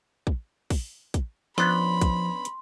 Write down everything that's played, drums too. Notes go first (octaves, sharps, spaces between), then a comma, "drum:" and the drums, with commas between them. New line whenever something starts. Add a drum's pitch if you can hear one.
drum: kick
drum: kick, open hi-hat
drum: kick, hi-hat
F3 B3 C#4 D4 B5 C6, drum: snare
drum: kick, hi-hat
drum: hi-hat